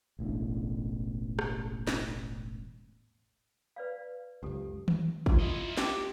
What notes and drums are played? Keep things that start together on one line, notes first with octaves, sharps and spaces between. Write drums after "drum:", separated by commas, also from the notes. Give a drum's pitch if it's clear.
E1 A1 E2 D4
drum: rim click
drum: snare
B4 D5 F5
F#1 C#2 G4 A4
drum: tom D#3
F4, drum: kick
E4 D#5
G4, drum: snare